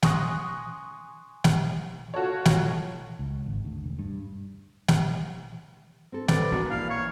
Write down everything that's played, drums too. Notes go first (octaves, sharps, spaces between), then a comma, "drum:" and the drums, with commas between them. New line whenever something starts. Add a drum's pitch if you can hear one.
G#5 C6 C#6 D#6 F#6 A#6, drum: snare
drum: snare
F4 F#4 A4 C#5
drum: snare
C#2
G#1
D2
E1
G2
drum: snare
C4 A4
D3 C4 B4 D5, drum: snare
A#1 A#2 F#4
E3 E4 F5
C#5